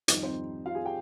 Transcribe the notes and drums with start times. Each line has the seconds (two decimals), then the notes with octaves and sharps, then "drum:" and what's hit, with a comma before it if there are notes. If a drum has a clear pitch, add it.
0.08 F2 D#3 G3 D#4, drum: hi-hat
0.23 C4 C5
0.66 F4 F5
0.75 G#4 G#5
0.85 G4 G5